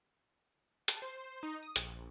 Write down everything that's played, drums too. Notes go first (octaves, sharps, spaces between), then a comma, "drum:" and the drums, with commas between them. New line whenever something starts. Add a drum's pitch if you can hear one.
A5, drum: hi-hat
C5
D#4
D#6
A#1, drum: hi-hat